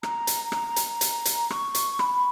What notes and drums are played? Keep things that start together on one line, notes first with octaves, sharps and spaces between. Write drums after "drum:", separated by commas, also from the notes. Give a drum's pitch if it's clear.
A#5, drum: rim click
drum: hi-hat
drum: rim click
drum: hi-hat
drum: hi-hat
drum: hi-hat
C#6, drum: rim click
drum: hi-hat
B5, drum: rim click